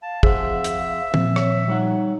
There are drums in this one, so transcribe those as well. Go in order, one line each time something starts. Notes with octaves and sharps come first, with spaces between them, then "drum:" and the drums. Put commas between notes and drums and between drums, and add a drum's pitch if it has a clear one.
F5 A5
F2 G#4 C5 E5 F#5, drum: kick
drum: hi-hat
A#2 F3 C4, drum: tom
C#5, drum: rim click
G3 D#4 C#5 F#5